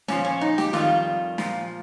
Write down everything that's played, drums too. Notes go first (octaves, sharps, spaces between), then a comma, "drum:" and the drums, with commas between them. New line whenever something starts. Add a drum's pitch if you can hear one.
A#2 F3 C#4, drum: snare
C#4
D#4
G4, drum: snare
F2 D#3 G3 F4, drum: snare
A#2 F3, drum: snare